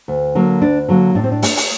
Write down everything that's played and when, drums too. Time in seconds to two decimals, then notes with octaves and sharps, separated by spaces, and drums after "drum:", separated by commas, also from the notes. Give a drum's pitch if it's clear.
0.08 D2
0.35 D3 F#3 A#3
0.61 D2 D4
0.88 D3 F#3 A#3
1.15 A2 D4
1.24 C4
1.32 D4
1.43 A3, drum: open hi-hat
1.57 drum: open hi-hat